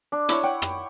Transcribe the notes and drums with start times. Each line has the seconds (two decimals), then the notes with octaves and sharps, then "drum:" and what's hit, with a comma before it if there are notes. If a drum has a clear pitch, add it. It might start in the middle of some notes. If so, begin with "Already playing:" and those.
0.12 D4
0.29 E4 C#5, drum: hi-hat
0.43 C#5 F#5 G5
0.62 drum: rim click